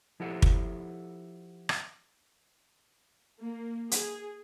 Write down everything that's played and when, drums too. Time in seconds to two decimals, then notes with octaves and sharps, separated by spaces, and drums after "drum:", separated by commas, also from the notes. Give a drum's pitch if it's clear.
0.20 F3 E4 G4 A4 E5 F#5
0.42 drum: kick
1.69 drum: rim click
3.40 A#3
3.91 G#4, drum: hi-hat